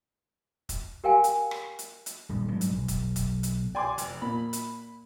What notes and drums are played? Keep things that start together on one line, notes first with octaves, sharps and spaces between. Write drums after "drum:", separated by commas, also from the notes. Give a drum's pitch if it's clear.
drum: kick F1, hi-hat
G4 A#4 F5 G5 G#5
drum: hi-hat
drum: rim click
drum: hi-hat
drum: hi-hat
D#1 G2
G#2 F#3 G3
drum: hi-hat
B1
drum: kick F1, hi-hat
drum: kick F1, hi-hat
drum: hi-hat
D5 G5 G#5 C6 D6
F1, drum: hi-hat
A#2 B5
drum: hi-hat